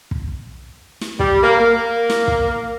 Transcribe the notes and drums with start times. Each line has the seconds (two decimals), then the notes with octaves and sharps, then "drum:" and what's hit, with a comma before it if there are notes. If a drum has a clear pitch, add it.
0.11 drum: kick
1.01 drum: snare
1.19 G3, drum: kick
1.43 A#3
1.60 A#3
2.10 drum: snare
2.28 drum: kick